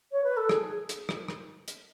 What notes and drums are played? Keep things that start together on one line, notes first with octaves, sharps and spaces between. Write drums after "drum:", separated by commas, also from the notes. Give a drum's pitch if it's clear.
C#5
B4
A4
G#4, drum: rim click
drum: hi-hat
drum: rim click
drum: rim click
drum: hi-hat